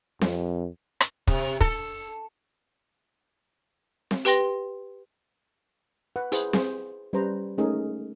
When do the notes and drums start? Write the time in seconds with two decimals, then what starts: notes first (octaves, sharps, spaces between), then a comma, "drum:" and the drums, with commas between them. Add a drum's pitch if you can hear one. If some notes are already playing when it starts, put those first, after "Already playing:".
0.22 F2, drum: snare C4
1.00 drum: rim click
1.27 C3, drum: kick
1.61 A4, drum: kick
4.11 drum: snare C4
4.25 G4 B4 G5 C6 A#6, drum: hi-hat
6.16 B4 F#5
6.32 E4 G#4 B4 C5 F#5, drum: hi-hat
6.53 G#4 C5, drum: snare C4
7.13 G3 C#4 B4 C5 A#5
7.58 G#3 A3 C#4 D#4 G#4 A#4